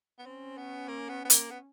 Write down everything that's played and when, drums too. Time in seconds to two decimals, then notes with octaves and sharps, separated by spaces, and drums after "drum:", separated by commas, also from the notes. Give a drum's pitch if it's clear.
0.19 B3
0.26 C4 C#4
0.58 B3
0.88 A#3
1.09 B3
1.25 B3
1.30 A#3, drum: hi-hat
1.51 B3